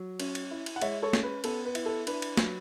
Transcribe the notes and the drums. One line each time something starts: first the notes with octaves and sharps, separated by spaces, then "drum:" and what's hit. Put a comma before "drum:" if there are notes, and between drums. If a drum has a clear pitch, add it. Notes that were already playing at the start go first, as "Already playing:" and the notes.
Already playing: F#3
C#4, drum: cymbal
drum: cymbal
E4
drum: cymbal
F#5
G#3 C#5 E5, drum: cymbal
A4 C#5
C#4, drum: snare
B4
B3 A4, drum: cymbal
B4
E4, drum: cymbal
A4
D4 B4, drum: cymbal
drum: cymbal
F#3, drum: snare